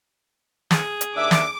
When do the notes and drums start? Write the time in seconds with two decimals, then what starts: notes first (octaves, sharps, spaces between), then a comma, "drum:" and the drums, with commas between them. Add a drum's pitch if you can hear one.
0.71 G#4, drum: snare
1.01 drum: hi-hat
1.16 D#2 D4 E5 D6
1.31 drum: snare